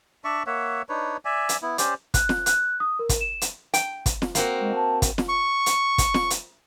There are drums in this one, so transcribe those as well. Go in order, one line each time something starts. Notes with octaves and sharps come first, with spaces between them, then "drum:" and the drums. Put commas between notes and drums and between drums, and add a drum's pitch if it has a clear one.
D4 D5 E5 C#6
A#3 C#5 E5 F#5
D4 D#4 B4 C#5
D5 E5 G#5
drum: hi-hat
B3 E4
C#4 G4 C5 D5, drum: hi-hat
F#6, drum: kick, hi-hat
drum: snare
F#6, drum: hi-hat
D#6
A#4
drum: kick, hi-hat
E7
drum: hi-hat
G5, drum: hi-hat
drum: kick, hi-hat
drum: snare
A#3 C4 F#4, drum: hi-hat
G#3
A5
drum: kick, hi-hat
drum: snare
C#6
drum: hi-hat
drum: kick, hi-hat
drum: snare
drum: hi-hat